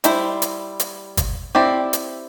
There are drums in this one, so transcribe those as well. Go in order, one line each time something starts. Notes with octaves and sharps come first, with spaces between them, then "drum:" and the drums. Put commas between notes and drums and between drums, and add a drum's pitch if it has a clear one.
G3 E4 C5, drum: hi-hat
drum: hi-hat
drum: hi-hat
drum: kick G1, hi-hat
C4 E4 G4 D5
drum: hi-hat